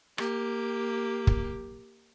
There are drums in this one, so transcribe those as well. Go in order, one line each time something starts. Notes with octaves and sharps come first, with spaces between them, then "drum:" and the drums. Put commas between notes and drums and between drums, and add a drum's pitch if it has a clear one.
A#3 G4, drum: rim click
drum: kick